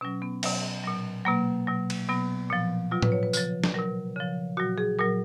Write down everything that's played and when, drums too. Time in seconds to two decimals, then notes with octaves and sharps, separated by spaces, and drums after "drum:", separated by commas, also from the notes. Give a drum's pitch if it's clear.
0.01 B2 F#3 C#4
0.22 B3
0.43 B2 F#3, drum: cymbal
0.84 A#2 F#3
1.25 B2 F#3 A#3
1.67 B2 F#3
1.90 drum: cymbal
2.09 B2 F#3 B3
2.50 A#2 F3
2.91 B2 F#3 F4
3.02 B4, drum: tom A2
3.12 C#5
3.23 B4
3.33 C#3 F3, drum: tambourine
3.64 drum: snare
3.74 B2 F#3 A#4
4.16 C#3 F3
4.57 A#2 F#3 F#4
4.78 G#4
4.99 A#2 F#3 A#4